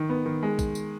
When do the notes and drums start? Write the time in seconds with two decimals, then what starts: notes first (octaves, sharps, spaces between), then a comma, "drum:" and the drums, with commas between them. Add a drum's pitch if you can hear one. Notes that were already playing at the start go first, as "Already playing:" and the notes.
Already playing: D#3
0.09 B3
0.26 D#3
0.43 G#3
0.59 drum: kick, tambourine
0.75 drum: tambourine